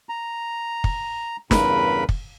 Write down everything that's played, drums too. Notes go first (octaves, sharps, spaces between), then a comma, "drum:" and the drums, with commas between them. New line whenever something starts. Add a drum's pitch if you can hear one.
A#5
drum: kick
E2 G2 C#3 A#4 B4 B5, drum: snare
drum: kick